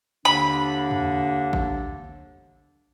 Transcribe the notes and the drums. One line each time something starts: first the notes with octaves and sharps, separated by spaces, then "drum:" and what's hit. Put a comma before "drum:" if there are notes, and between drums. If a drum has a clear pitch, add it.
D#2 D3 D4 B5
drum: tom
drum: kick A1